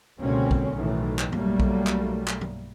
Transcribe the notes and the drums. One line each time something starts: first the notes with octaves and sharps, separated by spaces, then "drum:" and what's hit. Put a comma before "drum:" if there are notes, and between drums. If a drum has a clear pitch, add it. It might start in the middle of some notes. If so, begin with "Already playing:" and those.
C#2 B2 D3 A#3 C4 C#4
drum: kick
B1 A2 D#3 E3 A3
drum: clap
B1 F#3 G3 A3 A#3, drum: tom G2
drum: kick
drum: clap
drum: clap
drum: tom G2